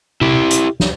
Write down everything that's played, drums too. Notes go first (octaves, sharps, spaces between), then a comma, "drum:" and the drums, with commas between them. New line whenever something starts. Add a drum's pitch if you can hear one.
E4 G4, drum: tom C3
drum: hi-hat
drum: snare